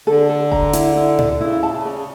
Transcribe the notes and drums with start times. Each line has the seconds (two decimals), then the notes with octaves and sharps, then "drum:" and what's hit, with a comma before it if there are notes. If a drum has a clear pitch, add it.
0.07 D3 A4
0.29 A4
0.51 A#5, drum: kick F1
0.73 E4, drum: hi-hat
0.96 E4
1.18 D5, drum: tom A2
1.41 C#3 E4
1.63 A5
1.69 A#2
1.74 C#3
1.86 D5